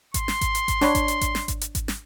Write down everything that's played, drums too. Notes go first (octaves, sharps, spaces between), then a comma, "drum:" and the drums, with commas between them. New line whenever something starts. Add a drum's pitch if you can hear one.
C6, drum: kick G#1, hi-hat
drum: snare
drum: kick G#1, hi-hat
drum: hi-hat
drum: kick G#1, hi-hat
D4 C#5 B5, drum: snare
drum: kick G#1, hi-hat
drum: hi-hat
drum: kick G#1, hi-hat
drum: snare
drum: kick G#1, hi-hat
drum: hi-hat
drum: kick G#1, hi-hat
drum: snare